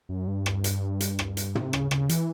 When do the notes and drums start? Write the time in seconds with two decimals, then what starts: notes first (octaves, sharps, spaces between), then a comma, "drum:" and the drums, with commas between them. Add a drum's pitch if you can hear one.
0.09 F#2
0.27 G2
0.46 drum: rim click
0.64 drum: hi-hat
1.00 drum: hi-hat
1.19 drum: rim click
1.37 drum: hi-hat
1.55 C3, drum: tom
1.73 C#3, drum: rim click
1.91 C#3, drum: rim click
2.09 E3, drum: hi-hat